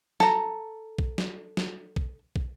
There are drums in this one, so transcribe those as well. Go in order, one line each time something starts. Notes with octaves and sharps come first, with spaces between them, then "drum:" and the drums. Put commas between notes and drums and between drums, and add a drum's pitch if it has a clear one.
A4 A#5, drum: snare
drum: kick
drum: snare
drum: snare
drum: kick
drum: kick